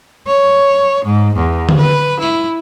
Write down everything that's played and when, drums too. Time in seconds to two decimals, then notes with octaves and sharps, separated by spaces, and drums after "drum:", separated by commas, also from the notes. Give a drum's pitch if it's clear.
0.28 C#5
1.05 G#2
1.36 E2
1.69 drum: tom D3
1.78 B4
2.20 E4